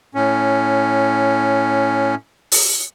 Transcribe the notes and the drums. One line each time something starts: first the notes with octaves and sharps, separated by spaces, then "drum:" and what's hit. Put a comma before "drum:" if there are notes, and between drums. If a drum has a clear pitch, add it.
A2 C#4
drum: open hi-hat